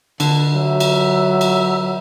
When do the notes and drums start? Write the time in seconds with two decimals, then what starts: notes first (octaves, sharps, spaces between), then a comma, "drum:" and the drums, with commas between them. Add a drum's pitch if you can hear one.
0.20 D3, drum: cymbal
0.55 F#3 E5
0.80 drum: cymbal
1.41 drum: cymbal